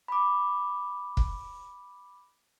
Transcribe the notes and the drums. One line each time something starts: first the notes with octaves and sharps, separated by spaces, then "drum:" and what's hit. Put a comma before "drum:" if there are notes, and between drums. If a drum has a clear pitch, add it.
B5 D6
drum: kick